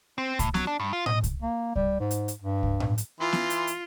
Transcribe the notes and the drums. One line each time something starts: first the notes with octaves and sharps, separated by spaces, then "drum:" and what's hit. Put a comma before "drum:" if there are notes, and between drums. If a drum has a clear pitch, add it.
C4
A2, drum: kick C2, hi-hat
F#3, drum: snare B3
D4
G2
F4
D#5, drum: tom A2
drum: kick C2, hi-hat
A#3
G3, drum: kick C2
G#2
drum: hi-hat
drum: hi-hat
G2
drum: kick C2
drum: tom A2
drum: hi-hat
E3 F4 C6
drum: snare B3
drum: hi-hat
drum: hi-hat